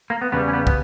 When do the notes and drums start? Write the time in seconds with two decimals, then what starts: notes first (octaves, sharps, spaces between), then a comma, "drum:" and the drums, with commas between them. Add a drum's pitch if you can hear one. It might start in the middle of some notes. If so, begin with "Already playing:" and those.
0.10 A#3
0.21 B3
0.32 E2 C#3 G3 B3
0.48 C#4
0.53 B3
0.67 B3, drum: kick